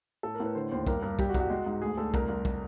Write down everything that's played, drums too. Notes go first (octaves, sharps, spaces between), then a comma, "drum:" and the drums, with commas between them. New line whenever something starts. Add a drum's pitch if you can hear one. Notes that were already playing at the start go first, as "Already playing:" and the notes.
A2 A4
A#4
A2
B4
D3 C5
D#2 C5
G2 A#4, drum: kick
G2 A#4
G3 G4, drum: kick
F#4
C2, drum: kick
F#4
G#3
G#2
D2 G#4
D2 A4
C2 A#4, drum: kick
C2
drum: kick